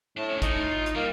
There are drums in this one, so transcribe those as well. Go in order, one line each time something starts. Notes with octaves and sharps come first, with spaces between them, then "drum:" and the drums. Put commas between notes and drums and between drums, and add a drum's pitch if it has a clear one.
A2 D4 A5
C#4 D4
A2 D#4, drum: kick, hi-hat
F4
drum: hi-hat
G3 A#3